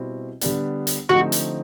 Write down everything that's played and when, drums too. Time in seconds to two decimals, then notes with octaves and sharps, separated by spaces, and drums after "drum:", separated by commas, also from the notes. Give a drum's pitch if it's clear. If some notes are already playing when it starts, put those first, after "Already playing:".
Already playing: B2 G3 C4 E4
0.41 D3 G3 B3 D4, drum: hi-hat
0.87 drum: hi-hat
1.09 D3 F3 A3 C4 D#4 F#4
1.32 drum: hi-hat